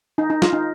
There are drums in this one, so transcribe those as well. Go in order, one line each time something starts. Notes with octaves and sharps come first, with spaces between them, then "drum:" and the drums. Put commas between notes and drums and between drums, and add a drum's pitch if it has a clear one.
D#4
D#4
F4, drum: snare
D#4